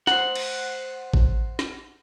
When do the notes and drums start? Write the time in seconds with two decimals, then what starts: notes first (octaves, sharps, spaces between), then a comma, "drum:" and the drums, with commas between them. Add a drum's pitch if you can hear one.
0.07 C5 F#5, drum: snare
0.35 drum: cymbal
1.14 drum: kick A1
1.59 drum: snare